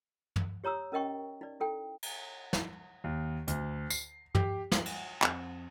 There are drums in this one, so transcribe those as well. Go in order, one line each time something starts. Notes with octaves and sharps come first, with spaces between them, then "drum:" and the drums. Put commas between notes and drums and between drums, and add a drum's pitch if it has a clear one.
drum: tom
G4 C#5 A#5 D#6 E6
C#4 A#4 D#5 G5 C#6
D#4 D5
E4 A4 G5
drum: cymbal
drum: snare
D#2
D2, drum: hi-hat
C7, drum: tambourine
G4, drum: tom
F#7, drum: snare
drum: cymbal
F2, drum: clap